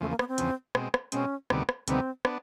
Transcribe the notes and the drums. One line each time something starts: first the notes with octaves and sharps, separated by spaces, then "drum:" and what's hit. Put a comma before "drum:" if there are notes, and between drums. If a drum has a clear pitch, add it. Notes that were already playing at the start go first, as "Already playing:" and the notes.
E2 C#3 F3 A3
A#3
B3, drum: rim click
C4
E2 C#3 F3, drum: hi-hat
B2 G#3 C4, drum: rim click
drum: rim click
B2 G#3 C4 C#4, drum: hi-hat
D2 C3 D#3 G3 B3, drum: rim click
drum: rim click
D2 C3 D#3 G3 B3 C4, drum: hi-hat
B3 D4, drum: rim click